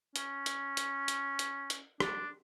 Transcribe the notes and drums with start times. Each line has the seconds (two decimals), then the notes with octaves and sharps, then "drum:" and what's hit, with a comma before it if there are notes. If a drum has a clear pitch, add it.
0.16 C#4, drum: hi-hat
0.46 drum: hi-hat
0.77 drum: hi-hat
1.08 drum: hi-hat
1.39 drum: hi-hat
1.70 drum: hi-hat
2.00 D4, drum: rim click